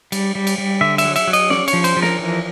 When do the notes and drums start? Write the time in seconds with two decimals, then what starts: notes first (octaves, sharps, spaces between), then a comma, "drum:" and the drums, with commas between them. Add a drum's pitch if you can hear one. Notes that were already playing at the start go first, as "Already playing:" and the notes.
0.12 G3, drum: cymbal
0.35 G3
0.47 drum: cymbal
0.58 G3
0.81 D3 E5
0.98 E5, drum: cymbal
1.04 F#3
1.16 E5, drum: cymbal
1.27 F#3
1.33 D#5, drum: cymbal
1.50 C#4 D5, drum: snare
1.68 C#5, drum: cymbal
1.73 F3
1.84 C5, drum: cymbal
1.97 F3
2.02 A#4, drum: snare
2.19 E3